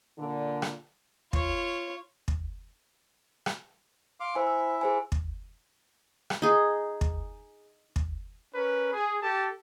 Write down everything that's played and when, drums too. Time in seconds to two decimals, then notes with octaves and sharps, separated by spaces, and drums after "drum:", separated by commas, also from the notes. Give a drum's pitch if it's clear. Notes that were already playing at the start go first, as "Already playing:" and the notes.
0.18 A#2 D3
0.62 drum: rim click
1.33 F4 C#5, drum: kick
2.28 drum: kick
3.46 drum: rim click
4.20 F5 C6 D6
4.35 E4 C5 G#5
4.47 E6
4.81 G#4 C5 G#5
5.12 drum: kick
6.30 drum: rim click
6.42 D#4 G#4
7.01 drum: kick
7.96 drum: kick
8.52 C#4 A#4 B4
8.93 G#4
9.21 G4 A4 A5